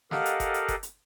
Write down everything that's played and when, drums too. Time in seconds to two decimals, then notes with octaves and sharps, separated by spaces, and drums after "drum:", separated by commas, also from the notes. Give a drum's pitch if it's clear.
0.11 G4 A4 A#4 D#5 F5 F#5, drum: snare
0.25 drum: hi-hat
0.40 drum: kick F#1, hi-hat
0.54 drum: hi-hat
0.68 drum: kick F#1, hi-hat
0.83 drum: hi-hat